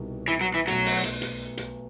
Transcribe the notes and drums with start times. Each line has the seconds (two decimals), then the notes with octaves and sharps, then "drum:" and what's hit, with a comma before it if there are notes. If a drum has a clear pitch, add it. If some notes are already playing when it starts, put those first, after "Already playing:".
Already playing: C2 B2 G3 D#4
0.28 E3
0.41 F#3
0.54 E3
0.68 B1 B2 F#3 A3, drum: hi-hat
0.86 drum: open hi-hat
1.04 drum: hi-hat
1.22 drum: hi-hat
1.57 drum: hi-hat